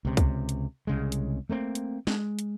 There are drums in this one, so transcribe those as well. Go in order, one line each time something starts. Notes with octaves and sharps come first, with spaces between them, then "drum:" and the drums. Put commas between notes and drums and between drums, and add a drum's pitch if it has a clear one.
C#2 C3
drum: kick C2, hi-hat
drum: hi-hat
C2 C#3 G#3
drum: hi-hat
A3 A#3 C4
drum: hi-hat
G#3, drum: snare
drum: hi-hat